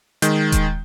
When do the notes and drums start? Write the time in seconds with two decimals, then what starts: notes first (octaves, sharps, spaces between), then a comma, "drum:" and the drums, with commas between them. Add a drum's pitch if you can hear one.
0.22 D#3 G#3 G6, drum: hi-hat
0.52 drum: kick D#1, hi-hat